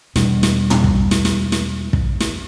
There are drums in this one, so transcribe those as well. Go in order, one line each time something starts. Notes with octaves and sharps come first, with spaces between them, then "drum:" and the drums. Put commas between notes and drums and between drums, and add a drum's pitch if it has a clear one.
E2 B2 G3 D4, drum: snare
drum: snare
drum: tom
drum: kick
drum: snare
drum: snare
drum: snare
drum: kick
drum: snare